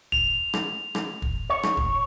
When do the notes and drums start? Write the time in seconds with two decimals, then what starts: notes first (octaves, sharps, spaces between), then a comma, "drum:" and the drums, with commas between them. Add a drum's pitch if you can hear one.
0.12 F7, drum: kick
0.54 drum: rim click
0.95 drum: rim click
1.22 drum: kick
1.50 C#5
1.63 drum: rim click
1.77 drum: kick